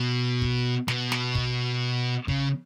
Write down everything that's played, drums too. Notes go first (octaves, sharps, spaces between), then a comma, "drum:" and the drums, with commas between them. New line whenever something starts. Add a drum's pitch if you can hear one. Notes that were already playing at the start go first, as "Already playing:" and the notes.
Already playing: B2
drum: kick
B2, drum: snare
drum: snare
drum: kick
C#3, drum: kick